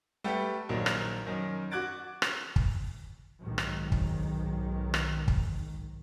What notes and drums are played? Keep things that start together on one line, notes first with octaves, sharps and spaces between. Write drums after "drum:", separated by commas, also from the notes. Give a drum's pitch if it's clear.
G3 A3 B3 G4
A#1 D#3 F#3 A#3
drum: rim click
F#2 D#3
F#4 D6 F#6 G#6 A6 D7
drum: rim click
drum: kick
B1 G#2 D#3
drum: rim click
drum: kick
drum: rim click
drum: kick